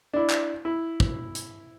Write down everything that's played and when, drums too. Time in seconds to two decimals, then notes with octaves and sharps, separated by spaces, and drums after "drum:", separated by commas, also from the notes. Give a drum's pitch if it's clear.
0.14 D4 E4
0.30 drum: clap
0.65 E4
1.00 drum: kick
1.35 drum: hi-hat